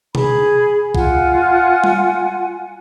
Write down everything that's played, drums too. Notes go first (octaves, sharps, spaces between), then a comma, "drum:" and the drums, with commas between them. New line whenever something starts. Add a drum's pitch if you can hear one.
G#4 B5, drum: tom B2
F4 F#5 G#5, drum: kick
drum: tom G3